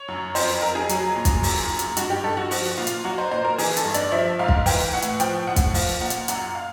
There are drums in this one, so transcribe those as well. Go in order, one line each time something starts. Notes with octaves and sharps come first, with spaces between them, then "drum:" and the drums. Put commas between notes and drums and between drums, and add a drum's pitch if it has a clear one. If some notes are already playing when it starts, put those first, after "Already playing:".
Already playing: C#5
F#2
F2 C5, drum: open hi-hat
F2 A#4
G#4
F#3, drum: hi-hat
A#2
drum: kick, hi-hat
F#2, drum: open hi-hat
F#2
drum: hi-hat
G2 F#4, drum: hi-hat
G4
G2 A4
F#4
F3 F#4, drum: open hi-hat
A#2 F4
drum: hi-hat
F#3 F#4
C5
A#2 C5
A#4
E3 G#4, drum: open hi-hat
A4, drum: hi-hat
G2
D5, drum: hi-hat
F3 E5
G#2 F5
drum: kick
E3 G5, drum: open hi-hat
A2 F#5
drum: hi-hat
F3 G5, drum: hi-hat
A2 F#5
drum: kick, hi-hat
F3 F5, drum: open hi-hat
A#2 F#5
drum: hi-hat
F#2 F#5, drum: hi-hat
F5